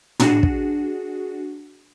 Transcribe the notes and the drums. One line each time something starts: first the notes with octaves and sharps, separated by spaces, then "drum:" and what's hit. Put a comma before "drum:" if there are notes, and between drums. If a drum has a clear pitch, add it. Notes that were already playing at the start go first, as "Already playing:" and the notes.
D4 F#4 G#4, drum: tom
drum: kick